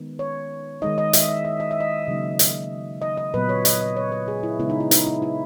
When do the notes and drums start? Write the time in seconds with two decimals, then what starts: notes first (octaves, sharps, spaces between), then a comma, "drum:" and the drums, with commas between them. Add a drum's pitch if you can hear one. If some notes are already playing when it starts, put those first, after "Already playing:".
Already playing: D#3 G#3 B3 D#4
0.19 C#5
0.82 D#3 G#3 D#4 D#5
0.98 D#5
1.13 E5, drum: hi-hat
1.29 E5
1.45 E5
1.60 D#5
1.71 E5
1.80 D#5
2.08 C#3 F#3 A#3 D#4
2.39 drum: hi-hat
3.02 D#5
3.17 D#5
3.34 A#2 F#3 B3 B4
3.49 C#5
3.65 D#5, drum: hi-hat
3.81 D#5
3.96 C#5
4.12 B4
4.28 G#4
4.43 E4
4.59 C#3 G#3 B3 D#4 E4
4.70 D#4
4.80 E4
4.91 D#4, drum: hi-hat
5.07 E4
5.22 E4